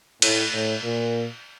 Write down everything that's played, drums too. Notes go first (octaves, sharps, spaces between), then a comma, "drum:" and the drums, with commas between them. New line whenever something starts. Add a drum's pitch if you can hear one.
A2, drum: cymbal
A2
A#2